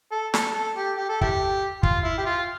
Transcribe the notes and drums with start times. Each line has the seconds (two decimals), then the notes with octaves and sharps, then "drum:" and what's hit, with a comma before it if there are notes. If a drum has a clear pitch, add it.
0.12 A4
0.34 A4, drum: snare
0.54 A4
0.76 G4
0.97 G4
1.09 A4
1.21 E4 G4, drum: kick
1.83 F4, drum: kick
2.04 E4
2.18 G4
2.26 F4